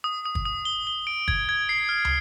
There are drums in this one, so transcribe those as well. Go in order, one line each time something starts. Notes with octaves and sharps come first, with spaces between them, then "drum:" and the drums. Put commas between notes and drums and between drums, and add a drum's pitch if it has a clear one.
D#6
D#6
drum: kick
D#6
G7
G7
D7
G#6, drum: kick
G#6
C7
F6
drum: tom